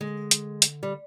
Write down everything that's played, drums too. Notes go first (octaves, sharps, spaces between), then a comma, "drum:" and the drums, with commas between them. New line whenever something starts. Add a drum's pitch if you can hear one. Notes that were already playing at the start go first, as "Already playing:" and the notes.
D3 G#3
drum: hi-hat
drum: hi-hat
G3